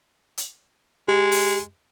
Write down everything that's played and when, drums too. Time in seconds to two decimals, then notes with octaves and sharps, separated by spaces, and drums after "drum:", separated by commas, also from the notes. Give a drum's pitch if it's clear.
0.38 drum: hi-hat
1.08 G#3 G4
1.32 drum: open hi-hat